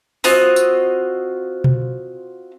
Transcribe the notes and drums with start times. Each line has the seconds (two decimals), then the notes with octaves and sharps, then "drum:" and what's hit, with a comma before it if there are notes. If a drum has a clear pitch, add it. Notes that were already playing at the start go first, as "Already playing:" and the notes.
0.24 C4 F4 F#4 D#5, drum: open hi-hat
0.56 drum: tambourine
1.64 drum: tom B2